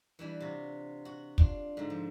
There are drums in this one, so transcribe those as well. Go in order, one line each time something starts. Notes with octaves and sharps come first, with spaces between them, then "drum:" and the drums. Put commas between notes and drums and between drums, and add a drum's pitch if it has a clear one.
E3 G3 D4 B4
C3 F4 F#4
F#4 F#5
D4 F4, drum: kick
G#2 D3
F3